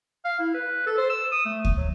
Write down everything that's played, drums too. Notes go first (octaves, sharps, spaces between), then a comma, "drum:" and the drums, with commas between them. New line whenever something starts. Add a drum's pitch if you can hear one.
F5
E4
B4
A4
C5
E6
D#6
A3
drum: kick D2
F#3